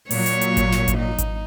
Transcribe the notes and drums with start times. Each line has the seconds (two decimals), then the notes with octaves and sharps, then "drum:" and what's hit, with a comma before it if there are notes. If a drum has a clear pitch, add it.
0.11 A#2 F#3 C#5, drum: open hi-hat
0.26 drum: hi-hat
0.41 drum: hi-hat
0.57 drum: kick G#1, hi-hat
0.72 drum: snare
0.88 drum: kick G#1, hi-hat
0.97 D#4
1.18 drum: kick G#1, hi-hat